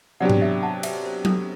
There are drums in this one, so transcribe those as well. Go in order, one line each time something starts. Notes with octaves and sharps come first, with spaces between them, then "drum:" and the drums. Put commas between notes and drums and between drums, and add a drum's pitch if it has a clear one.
C3 F#3 B3 D4 G4 D5 F#5
drum: tom G#2
E5 G5
F#5 A5
E5 G5, drum: cymbal
C5
A4, drum: tom F#3